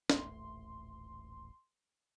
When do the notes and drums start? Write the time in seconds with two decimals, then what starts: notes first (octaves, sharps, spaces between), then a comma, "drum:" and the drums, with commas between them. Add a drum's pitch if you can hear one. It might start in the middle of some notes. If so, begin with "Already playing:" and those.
0.10 D#1 A1 A3 C6, drum: snare